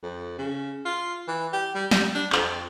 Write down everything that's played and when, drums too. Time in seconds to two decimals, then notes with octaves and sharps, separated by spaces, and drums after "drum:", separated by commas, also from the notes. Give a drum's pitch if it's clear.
0.02 F2
0.38 C#3
0.85 F4
1.28 E3
1.53 G4
1.75 G3
1.91 G3, drum: snare
2.15 D4
2.32 F2, drum: clap